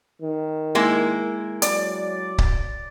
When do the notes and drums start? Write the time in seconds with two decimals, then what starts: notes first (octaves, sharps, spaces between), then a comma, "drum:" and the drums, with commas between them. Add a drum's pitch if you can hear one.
0.22 D#3
0.75 G#3 A#3 E4
1.62 F#3 D5, drum: hi-hat
2.38 drum: kick C#1